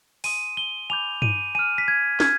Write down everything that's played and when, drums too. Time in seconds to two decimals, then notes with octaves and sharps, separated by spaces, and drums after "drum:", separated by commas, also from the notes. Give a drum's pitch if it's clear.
0.24 G#5 C6 D#6 D#7, drum: open hi-hat
0.57 G7
0.90 G#5 B5 D6 G6 F7
1.22 D#7, drum: tom G2
1.55 G#5 D6 F6 D#7
1.78 B6
1.88 G#6
2.20 F6 G#6, drum: snare